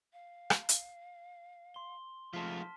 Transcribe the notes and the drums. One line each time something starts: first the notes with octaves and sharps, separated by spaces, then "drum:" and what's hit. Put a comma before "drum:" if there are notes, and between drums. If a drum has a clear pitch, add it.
F5
drum: rim click
drum: hi-hat
C6 G7
F3 G#3 A3 F4 A5 F6 B6